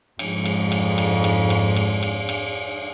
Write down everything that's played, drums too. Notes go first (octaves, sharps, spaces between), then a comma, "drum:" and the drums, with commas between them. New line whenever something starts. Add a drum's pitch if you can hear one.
F2 G#2, drum: cymbal
drum: cymbal
drum: cymbal
drum: cymbal
drum: cymbal
drum: cymbal
drum: cymbal
drum: cymbal
drum: cymbal